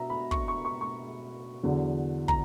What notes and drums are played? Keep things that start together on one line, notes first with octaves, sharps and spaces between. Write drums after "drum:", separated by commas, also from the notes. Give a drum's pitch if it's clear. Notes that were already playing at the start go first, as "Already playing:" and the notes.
Already playing: B2 E5 A#5
B5
C#6, drum: kick
C#6
C#6
C#6
E2 D3 F#3
A#5, drum: kick